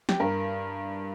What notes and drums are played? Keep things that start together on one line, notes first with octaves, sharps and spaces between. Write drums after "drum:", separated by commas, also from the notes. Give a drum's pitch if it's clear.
G4, drum: snare
G2 A#4